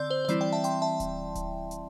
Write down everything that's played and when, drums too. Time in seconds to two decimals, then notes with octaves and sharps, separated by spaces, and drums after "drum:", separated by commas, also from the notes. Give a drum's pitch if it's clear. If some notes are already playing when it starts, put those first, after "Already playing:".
Already playing: D3 C4 D5 C6 E6 G6
0.10 C5
0.25 C5
0.28 E3 G3 C4 E4 D5, drum: hi-hat
0.41 D5 G5
0.52 E5 A5
0.64 G5 C6, drum: hi-hat
0.82 E5 A5
1.00 drum: kick D1, hi-hat
1.35 drum: kick D1, hi-hat
1.71 drum: hi-hat